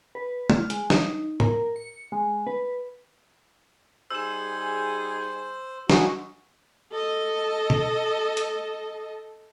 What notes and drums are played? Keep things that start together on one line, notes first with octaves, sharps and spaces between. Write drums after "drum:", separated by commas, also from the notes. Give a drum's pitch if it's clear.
B4
F6, drum: tom
G#3, drum: hi-hat
D#4, drum: snare
A#4, drum: tom
C#7
G#3
B4
G3 D#4 G#4 C5 E6 E7
G#3 C#4 D#4 F#4, drum: snare
A4 D#5
drum: tom
drum: hi-hat